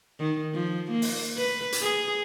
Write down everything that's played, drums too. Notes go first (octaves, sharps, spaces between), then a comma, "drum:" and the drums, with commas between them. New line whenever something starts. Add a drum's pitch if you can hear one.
D#3
F3
A#3
drum: open hi-hat
B4
drum: hi-hat
G#4